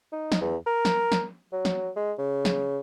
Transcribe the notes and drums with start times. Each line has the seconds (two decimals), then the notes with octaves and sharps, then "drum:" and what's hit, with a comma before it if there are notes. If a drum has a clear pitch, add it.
0.12 D#4
0.32 drum: snare
0.41 E2
0.66 A#4
0.85 drum: snare
1.12 drum: snare
1.52 F#3
1.65 drum: snare
1.96 G#3
2.18 C#3
2.45 drum: snare